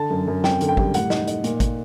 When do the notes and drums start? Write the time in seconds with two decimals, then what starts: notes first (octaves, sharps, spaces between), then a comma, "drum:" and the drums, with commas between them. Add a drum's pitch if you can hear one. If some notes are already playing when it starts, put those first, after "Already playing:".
Already playing: D3 A5
0.10 F#2
0.27 F#2
0.44 C4 G5, drum: snare
0.61 D3, drum: hi-hat
0.68 G5
0.77 G3, drum: kick
0.94 A2 F#5, drum: hi-hat
1.10 D#4, drum: snare
1.28 D#4, drum: hi-hat
1.44 A#2, drum: hi-hat
1.60 A#2, drum: kick, hi-hat